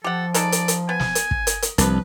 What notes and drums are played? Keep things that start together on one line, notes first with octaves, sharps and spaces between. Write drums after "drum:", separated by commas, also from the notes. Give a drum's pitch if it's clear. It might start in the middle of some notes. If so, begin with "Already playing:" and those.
F3 G4 A4 F#5
G#3 D#4 A4 D5, drum: hi-hat
drum: hi-hat
drum: hi-hat
B3 G#5
drum: snare
drum: hi-hat
drum: kick
drum: hi-hat
drum: hi-hat
C2 F3 D4 B4, drum: hi-hat